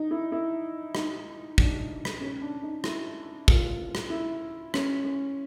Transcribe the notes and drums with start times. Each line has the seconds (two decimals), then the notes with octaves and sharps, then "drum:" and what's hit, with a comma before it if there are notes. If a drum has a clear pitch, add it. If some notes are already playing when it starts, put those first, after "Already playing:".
Already playing: D#4
0.11 E4
0.32 E4
0.95 D#4, drum: rim click
1.58 D4, drum: kick
2.05 drum: rim click
2.21 C#4
2.42 D4
2.63 D#4
2.84 E4, drum: rim click
3.48 F4, drum: kick
3.95 drum: rim click
4.10 E4
4.74 C#4, drum: rim click
5.05 C#4